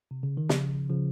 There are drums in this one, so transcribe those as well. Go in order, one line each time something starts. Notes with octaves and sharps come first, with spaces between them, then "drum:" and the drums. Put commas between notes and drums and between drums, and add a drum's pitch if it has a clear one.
C3
C#3
D#3
C#3 F3, drum: snare
C#3 F3